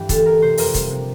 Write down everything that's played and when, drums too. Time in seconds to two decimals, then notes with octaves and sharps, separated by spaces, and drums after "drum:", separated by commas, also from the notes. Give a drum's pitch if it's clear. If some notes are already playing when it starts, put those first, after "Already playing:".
Already playing: G2 E3 G4
0.09 D2 A4, drum: kick, hi-hat
0.26 D2 A#4
0.42 C3 C5
0.58 F2 A#4, drum: open hi-hat
0.74 G3, drum: kick, hi-hat
0.91 C3